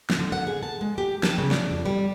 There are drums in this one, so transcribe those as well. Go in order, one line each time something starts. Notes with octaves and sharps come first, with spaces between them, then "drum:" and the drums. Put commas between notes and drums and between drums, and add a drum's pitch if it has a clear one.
drum: snare
D3
F#5
G#4
A5
G#3
G4
A5, drum: snare
C#3
D4, drum: snare
F2
G3